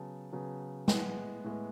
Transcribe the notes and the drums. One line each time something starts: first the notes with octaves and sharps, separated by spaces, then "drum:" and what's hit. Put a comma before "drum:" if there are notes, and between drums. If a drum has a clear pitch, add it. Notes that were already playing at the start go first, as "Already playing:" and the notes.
Already playing: C#3 F#3 B3 A5
C#3 F#3 B3
A2 G#3 B3 F#5, drum: snare
A2 G#3 B3